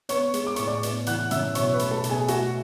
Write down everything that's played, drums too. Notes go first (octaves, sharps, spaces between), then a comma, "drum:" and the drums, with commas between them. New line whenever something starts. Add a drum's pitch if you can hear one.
B3 C#5 C#6, drum: hi-hat
G#3, drum: hi-hat
D6
A2 C#6, drum: hi-hat
D5 D6
B3, drum: hi-hat
E3 F#5 F#6, drum: hi-hat
F#2 E5 E6, drum: hi-hat
B2 C#5 C#6, drum: hi-hat
B4 B5
A3, drum: hi-hat
A4 A5
B2, drum: hi-hat
G#4 G#5
A3 F#4 F#5, drum: hi-hat